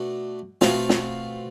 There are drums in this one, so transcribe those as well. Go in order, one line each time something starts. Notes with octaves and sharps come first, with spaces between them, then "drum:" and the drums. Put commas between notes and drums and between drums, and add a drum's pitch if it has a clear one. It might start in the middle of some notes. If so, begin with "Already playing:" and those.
Already playing: B2 A3 D4
B2 A3 C4 F4 F5, drum: snare
drum: snare